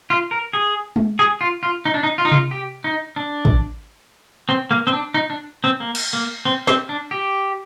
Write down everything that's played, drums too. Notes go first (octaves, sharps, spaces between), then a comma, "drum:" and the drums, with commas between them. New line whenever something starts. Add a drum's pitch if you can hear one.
F4
A#4
G#4
drum: tom G#3
G#4
F4
F4
D#4
D4
D#4
F4
D#4
F4, drum: tom C3
G4
D#4
D4
drum: kick
C4
A#3
C4
D4
D#4
D4
C4
A#3
drum: cymbal
A#3
C4
C4, drum: snare
D4
G4